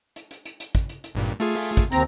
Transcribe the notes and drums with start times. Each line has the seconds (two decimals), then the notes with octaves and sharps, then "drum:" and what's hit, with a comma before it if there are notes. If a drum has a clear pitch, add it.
0.16 drum: hi-hat
0.31 drum: hi-hat
0.45 drum: hi-hat
0.60 drum: hi-hat
0.75 drum: kick, hi-hat
0.89 drum: hi-hat
1.04 drum: hi-hat
1.15 G#1 G2 A#2
1.40 A3 F4 G#4
1.63 drum: hi-hat
1.77 drum: kick, hi-hat
1.92 D#2 C4 A#5, drum: hi-hat